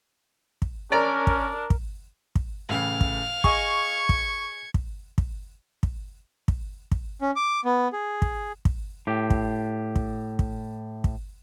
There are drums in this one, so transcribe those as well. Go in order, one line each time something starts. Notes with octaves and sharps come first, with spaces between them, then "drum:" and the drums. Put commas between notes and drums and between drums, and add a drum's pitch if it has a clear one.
drum: kick
C#4 D4 A#4 D5 A#5
drum: kick
drum: kick
drum: kick
A2 C#3 E3 F5
drum: kick
G#4 D#5 C#6 G#6 C#7, drum: kick
drum: kick
drum: kick
drum: kick
drum: kick
drum: kick
drum: kick
C#4
D6
B3
G#4
drum: kick
drum: kick
A2 G4
drum: kick
drum: kick
drum: kick
drum: kick